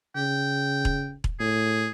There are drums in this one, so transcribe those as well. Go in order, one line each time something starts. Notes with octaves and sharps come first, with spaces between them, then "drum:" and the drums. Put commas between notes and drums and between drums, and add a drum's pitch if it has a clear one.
C#3 G5
drum: kick E1
drum: kick E1
A2 G#4